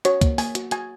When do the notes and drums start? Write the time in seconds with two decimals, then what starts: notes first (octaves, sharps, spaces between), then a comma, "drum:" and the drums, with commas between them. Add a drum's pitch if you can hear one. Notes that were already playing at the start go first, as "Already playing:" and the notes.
0.05 F#4 C#5, drum: hi-hat
0.21 A#3, drum: kick, hi-hat
0.38 A#3 G#5, drum: open hi-hat
0.55 F#4, drum: hi-hat
0.71 F#4 G#5, drum: hi-hat